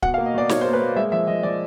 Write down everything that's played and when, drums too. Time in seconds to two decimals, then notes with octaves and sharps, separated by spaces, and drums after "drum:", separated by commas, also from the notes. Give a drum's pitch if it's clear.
0.02 B2 F#5, drum: kick D1
0.14 F5
0.18 A#3
0.26 D#5
0.34 B2 D5
0.49 B2 C#5, drum: snare
0.61 C5
0.65 A#3
0.73 B4
0.81 A#3
0.96 G#3 E5
1.12 F3 E5
1.27 F3 D#5
1.43 F3 D5